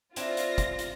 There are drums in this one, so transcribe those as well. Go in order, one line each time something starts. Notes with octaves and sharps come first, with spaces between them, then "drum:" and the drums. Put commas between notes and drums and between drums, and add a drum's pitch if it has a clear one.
C4 D4 E4 F4 A#6, drum: hi-hat
drum: hi-hat
drum: kick, hi-hat
drum: hi-hat